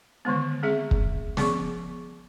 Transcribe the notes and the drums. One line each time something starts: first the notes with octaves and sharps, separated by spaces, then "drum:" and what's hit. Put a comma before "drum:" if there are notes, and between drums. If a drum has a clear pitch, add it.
D3 D#3 G#3 B3
G#3 C4 G#4 E5
drum: kick
F3 B3 G#4 C#6, drum: snare